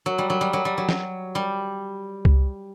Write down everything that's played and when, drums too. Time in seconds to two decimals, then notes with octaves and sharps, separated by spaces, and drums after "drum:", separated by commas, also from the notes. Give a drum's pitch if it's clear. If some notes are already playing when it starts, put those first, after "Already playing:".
0.06 F#3
0.18 G3
0.30 F#3
0.41 G3
0.53 F#3
0.65 G3
0.78 F#3
0.89 drum: snare
1.35 G3
2.25 drum: kick C2